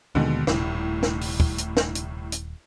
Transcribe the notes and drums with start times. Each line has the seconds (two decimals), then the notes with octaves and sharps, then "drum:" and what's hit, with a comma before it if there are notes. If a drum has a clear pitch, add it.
0.15 D#2 B2 D3 D#3 G#3
0.47 D#1 C2 A2, drum: snare
1.03 drum: snare
1.21 drum: open hi-hat
1.40 drum: kick
1.58 drum: hi-hat
1.77 drum: snare
1.95 drum: hi-hat
2.32 drum: hi-hat